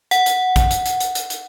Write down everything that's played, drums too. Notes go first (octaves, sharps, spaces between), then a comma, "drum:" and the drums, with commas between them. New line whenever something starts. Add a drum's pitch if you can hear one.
F#5, drum: hi-hat
drum: hi-hat
drum: kick, hi-hat
drum: hi-hat
drum: hi-hat
drum: hi-hat
drum: hi-hat
drum: hi-hat